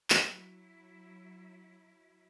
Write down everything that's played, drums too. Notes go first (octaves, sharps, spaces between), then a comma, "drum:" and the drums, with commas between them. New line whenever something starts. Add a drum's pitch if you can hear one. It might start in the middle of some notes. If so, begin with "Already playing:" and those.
F#3 E4, drum: clap